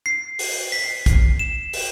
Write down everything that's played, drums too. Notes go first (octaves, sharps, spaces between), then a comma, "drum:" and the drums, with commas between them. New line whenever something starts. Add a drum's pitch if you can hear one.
C7
drum: open hi-hat
B6
C7
drum: kick, hi-hat
E7
drum: open hi-hat